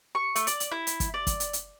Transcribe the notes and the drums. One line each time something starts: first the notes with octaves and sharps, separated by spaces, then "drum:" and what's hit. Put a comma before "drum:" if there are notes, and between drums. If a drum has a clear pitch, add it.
C#6
A3, drum: hi-hat
D5, drum: hi-hat
drum: hi-hat
E4
drum: hi-hat
drum: kick, hi-hat
D5
drum: kick, hi-hat
drum: hi-hat
drum: hi-hat